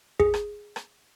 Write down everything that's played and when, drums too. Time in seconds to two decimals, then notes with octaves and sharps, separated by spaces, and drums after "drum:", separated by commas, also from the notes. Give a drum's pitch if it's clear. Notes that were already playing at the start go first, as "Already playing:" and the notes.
0.20 G#4, drum: kick
0.34 drum: rim click
0.76 drum: rim click